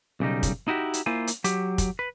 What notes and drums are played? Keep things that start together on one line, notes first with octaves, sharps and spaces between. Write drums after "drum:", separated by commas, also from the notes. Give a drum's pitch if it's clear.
B1 C#3 G3 D#4
drum: kick, hi-hat
D#4 E4 F#4 G4
drum: hi-hat
A#3 E4 F4 C5 G#5
drum: hi-hat
F#3 G4, drum: hi-hat
drum: kick, hi-hat
B4